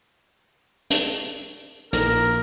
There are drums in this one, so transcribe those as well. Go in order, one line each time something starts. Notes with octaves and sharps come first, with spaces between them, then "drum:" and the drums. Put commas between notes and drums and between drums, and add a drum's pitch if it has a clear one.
drum: hi-hat
A#1 A#4, drum: hi-hat